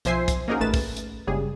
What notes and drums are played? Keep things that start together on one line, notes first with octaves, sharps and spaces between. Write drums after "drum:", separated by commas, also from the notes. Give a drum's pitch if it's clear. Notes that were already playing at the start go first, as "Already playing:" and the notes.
B1 F3 C5 E5 G#5 C7, drum: hi-hat
drum: kick, hi-hat
A#3 C#4 D#4 F#4 G#4 A#4
A1 A3 B4 A6 E7
drum: kick, open hi-hat
drum: hi-hat
G1 C#3 G3 G#3 G#4